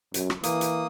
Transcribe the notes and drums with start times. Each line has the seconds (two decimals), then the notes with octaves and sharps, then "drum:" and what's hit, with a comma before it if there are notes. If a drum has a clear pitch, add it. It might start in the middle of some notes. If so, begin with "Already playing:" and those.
0.14 F#2, drum: hi-hat
0.30 drum: rim click
0.43 E3 A#3 D#6, drum: hi-hat
0.61 drum: hi-hat